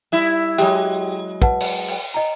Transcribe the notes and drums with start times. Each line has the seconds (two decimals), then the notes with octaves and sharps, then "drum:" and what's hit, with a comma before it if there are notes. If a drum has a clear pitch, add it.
0.12 G3 E4
0.58 F#3 G#3 G4 E5 G5, drum: hi-hat
1.42 B4 F#5 A5, drum: kick
1.61 drum: cymbal
1.88 drum: cymbal
2.14 D#5 A#5